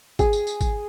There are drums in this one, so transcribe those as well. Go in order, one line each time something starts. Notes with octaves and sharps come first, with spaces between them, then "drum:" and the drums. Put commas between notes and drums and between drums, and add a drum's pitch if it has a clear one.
G#4, drum: kick, tambourine
drum: tambourine
drum: tambourine
drum: kick, tambourine